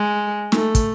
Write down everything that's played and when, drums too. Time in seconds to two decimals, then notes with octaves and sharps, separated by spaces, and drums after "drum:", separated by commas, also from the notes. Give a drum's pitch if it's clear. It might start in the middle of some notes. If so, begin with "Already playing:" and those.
Already playing: G#3
0.52 A3, drum: snare
0.75 drum: kick, hi-hat